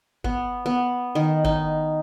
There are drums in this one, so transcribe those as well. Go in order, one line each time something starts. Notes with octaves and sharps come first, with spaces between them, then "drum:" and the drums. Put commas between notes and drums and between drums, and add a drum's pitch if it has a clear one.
B3, drum: kick G1
B3
D#3
D#4, drum: kick G1